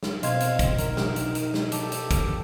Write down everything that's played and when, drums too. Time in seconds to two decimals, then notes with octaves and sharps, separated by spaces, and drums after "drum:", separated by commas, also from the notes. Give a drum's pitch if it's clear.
0.03 drum: snare
0.23 B2 C4 D#5 F5 C6 G#6, drum: hi-hat
0.40 drum: hi-hat
0.59 drum: kick, hi-hat
0.78 D#4 A#4, drum: hi-hat
0.97 drum: snare
1.16 drum: hi-hat
1.35 drum: hi-hat
1.54 drum: snare
1.72 G4 A4, drum: hi-hat
1.92 drum: hi-hat
2.11 drum: kick, hi-hat